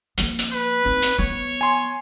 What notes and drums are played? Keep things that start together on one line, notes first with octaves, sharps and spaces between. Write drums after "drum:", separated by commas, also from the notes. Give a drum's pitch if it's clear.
F3 A#3, drum: hi-hat
drum: hi-hat
B4
C4 D#4
drum: hi-hat
F3 B3 C#5
G#5 C6